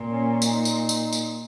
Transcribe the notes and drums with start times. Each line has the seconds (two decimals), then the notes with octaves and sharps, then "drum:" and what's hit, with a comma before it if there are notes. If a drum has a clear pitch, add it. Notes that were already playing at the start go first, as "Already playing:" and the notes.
Already playing: A#2
0.10 C#4
0.42 D#4, drum: tambourine
0.65 drum: tambourine
0.89 drum: tambourine
1.13 drum: tambourine